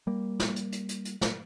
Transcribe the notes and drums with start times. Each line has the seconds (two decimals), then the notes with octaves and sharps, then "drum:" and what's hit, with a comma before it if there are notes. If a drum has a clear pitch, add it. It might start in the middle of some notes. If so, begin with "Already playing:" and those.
0.07 G3 A#3
0.40 drum: snare
0.56 drum: hi-hat
0.72 drum: hi-hat
0.89 drum: hi-hat
1.05 drum: hi-hat
1.21 drum: snare